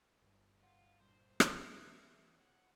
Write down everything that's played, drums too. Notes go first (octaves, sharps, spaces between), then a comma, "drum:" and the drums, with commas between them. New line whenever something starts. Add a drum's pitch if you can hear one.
D1 G1
F4 F#5
A#2 G3 C5
drum: rim click
E3 A#4 E5
C#5 F#5